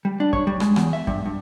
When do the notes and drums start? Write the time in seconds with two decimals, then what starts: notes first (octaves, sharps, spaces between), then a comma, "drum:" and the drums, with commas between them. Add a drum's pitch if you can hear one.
0.05 G3
0.20 D4
0.33 C#5, drum: kick
0.47 G3
0.60 G#3, drum: rim click
0.76 E2, drum: rim click
0.93 E5
1.07 G2, drum: kick
1.26 G2